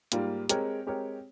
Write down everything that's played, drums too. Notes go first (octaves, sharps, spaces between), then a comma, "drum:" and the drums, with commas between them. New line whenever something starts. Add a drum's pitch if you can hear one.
G#2 G3 A#3 F4, drum: hi-hat
G#3 C4 G4 A#4 C#5, drum: hi-hat
G#3 C4 G4 A#4 C#5